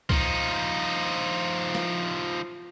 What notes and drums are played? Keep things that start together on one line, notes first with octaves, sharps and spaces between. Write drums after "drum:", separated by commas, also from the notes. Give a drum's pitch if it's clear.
F3 D#4, drum: kick C2
drum: snare